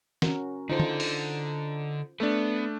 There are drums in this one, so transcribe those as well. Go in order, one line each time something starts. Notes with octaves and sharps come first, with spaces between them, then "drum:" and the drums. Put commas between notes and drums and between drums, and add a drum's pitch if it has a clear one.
C#4 F#4 A#4, drum: snare
D3 D#4 F4 A4 C5
drum: tom D3
drum: open hi-hat
A3 B3 D4